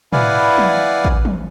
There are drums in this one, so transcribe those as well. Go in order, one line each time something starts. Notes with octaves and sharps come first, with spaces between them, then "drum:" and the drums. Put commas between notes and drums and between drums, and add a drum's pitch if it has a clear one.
E4 B4 D5 F5 F#5 G#5, drum: tom
drum: tom
drum: kick
drum: tom